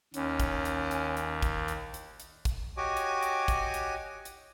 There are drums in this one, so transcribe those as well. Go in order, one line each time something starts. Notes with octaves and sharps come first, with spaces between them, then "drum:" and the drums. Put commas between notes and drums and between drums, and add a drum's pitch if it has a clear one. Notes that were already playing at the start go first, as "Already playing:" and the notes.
D#2 C#4, drum: hi-hat
drum: kick, hi-hat
drum: hi-hat
drum: hi-hat
drum: hi-hat
drum: kick, hi-hat
drum: hi-hat
drum: hi-hat
drum: hi-hat
drum: kick, hi-hat
F#4 G4 C#5 D#5 G#5 D6
drum: hi-hat
drum: hi-hat
drum: kick, hi-hat
drum: hi-hat
drum: hi-hat